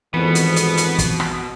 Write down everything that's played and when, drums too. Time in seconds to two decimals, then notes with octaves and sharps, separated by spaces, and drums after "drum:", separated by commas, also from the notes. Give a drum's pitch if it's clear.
0.14 G#1 F2 B2 E3 B3
0.35 drum: hi-hat
0.56 drum: hi-hat
0.77 drum: hi-hat
0.99 drum: kick, hi-hat
1.20 drum: rim click